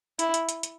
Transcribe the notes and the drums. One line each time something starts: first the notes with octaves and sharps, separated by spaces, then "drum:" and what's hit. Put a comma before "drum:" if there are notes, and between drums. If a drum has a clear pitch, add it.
E4, drum: hi-hat
drum: hi-hat
drum: hi-hat
drum: hi-hat